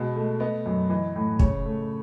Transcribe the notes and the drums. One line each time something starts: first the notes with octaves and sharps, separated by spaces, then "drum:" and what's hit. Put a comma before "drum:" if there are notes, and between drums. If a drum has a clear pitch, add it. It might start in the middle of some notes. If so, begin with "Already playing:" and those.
Already playing: B2 G#3
A3
B3 D#5
F#2 D#5
E3 D#5
A2
C#3 C#5, drum: kick
A3